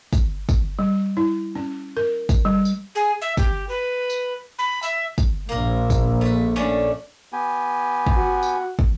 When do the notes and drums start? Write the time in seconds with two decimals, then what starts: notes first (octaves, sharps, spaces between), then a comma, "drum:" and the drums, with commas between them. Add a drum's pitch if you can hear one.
0.13 drum: kick, tambourine
0.49 drum: kick, tambourine
0.79 G3
1.17 E4
1.55 C#4
1.97 A#4
2.29 drum: kick, tambourine
2.45 G3
2.65 drum: tambourine
2.95 G#4
3.21 E5
3.37 G4, drum: kick, tambourine
3.69 B4
4.10 drum: tambourine
4.59 B5
4.83 E5, drum: tambourine
5.18 drum: kick, tambourine
5.49 A#1 A#2 A#3 A#4
5.90 drum: kick, tambourine
6.21 A3 B4
6.56 A3 C#4 D4
7.33 B3 G4 G#5
8.07 drum: kick
8.16 F#4
8.43 drum: tambourine
8.79 drum: kick